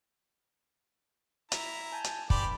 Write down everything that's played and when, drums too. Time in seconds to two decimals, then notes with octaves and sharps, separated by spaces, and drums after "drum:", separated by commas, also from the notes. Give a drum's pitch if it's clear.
1.52 E4 A#5, drum: hi-hat
1.92 G#5 A5 G6
2.04 drum: hi-hat
2.30 G2 G4 C5 D5 B5, drum: kick